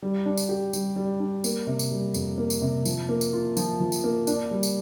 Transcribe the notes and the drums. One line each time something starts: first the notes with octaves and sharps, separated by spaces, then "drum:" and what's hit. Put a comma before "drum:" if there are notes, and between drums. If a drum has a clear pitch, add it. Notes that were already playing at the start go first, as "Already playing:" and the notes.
G3
D4
drum: tambourine
G4
G3, drum: tambourine
G3
D4
A#3, drum: tambourine
C3
drum: tambourine
G3
F2, drum: tambourine
A#3
drum: tambourine
C3
F3, drum: tambourine
A#3
drum: tambourine
F4
F3, drum: tambourine
F3
drum: tambourine
A#3
D4, drum: tambourine
G3
drum: tambourine